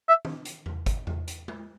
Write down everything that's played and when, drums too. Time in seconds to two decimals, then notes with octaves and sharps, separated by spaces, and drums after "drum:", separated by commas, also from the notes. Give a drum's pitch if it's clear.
0.09 E5
0.25 drum: tom D#3
0.45 drum: hi-hat
0.66 drum: tom E2
0.86 drum: kick G1, hi-hat
1.07 drum: tom E2
1.28 drum: hi-hat
1.48 drum: tom G#3